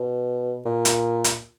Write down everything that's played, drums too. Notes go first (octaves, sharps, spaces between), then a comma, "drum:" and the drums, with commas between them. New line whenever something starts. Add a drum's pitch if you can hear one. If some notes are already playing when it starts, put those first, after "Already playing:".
Already playing: B2
A#2
drum: hi-hat
drum: hi-hat